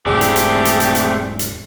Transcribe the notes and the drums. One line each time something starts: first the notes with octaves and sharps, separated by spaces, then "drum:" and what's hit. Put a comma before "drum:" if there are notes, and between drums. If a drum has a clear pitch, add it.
E1 E2 G#2 A3 C4 G4 G#4 D5
drum: hi-hat
drum: hi-hat
drum: hi-hat
drum: hi-hat
drum: hi-hat
drum: hi-hat